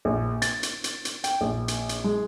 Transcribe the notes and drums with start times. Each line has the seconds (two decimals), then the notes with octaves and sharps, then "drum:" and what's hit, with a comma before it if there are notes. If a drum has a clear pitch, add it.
0.05 A#1
0.42 A6, drum: hi-hat
0.63 drum: hi-hat
0.84 drum: hi-hat
1.05 drum: hi-hat
1.24 G5, drum: hi-hat
1.41 A#1
1.68 drum: hi-hat
1.89 drum: hi-hat
2.04 G#3